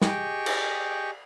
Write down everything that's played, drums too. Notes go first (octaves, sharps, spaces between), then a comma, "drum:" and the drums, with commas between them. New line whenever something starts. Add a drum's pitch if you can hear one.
G4 G#4 D#5 G5 C#6, drum: snare
drum: cymbal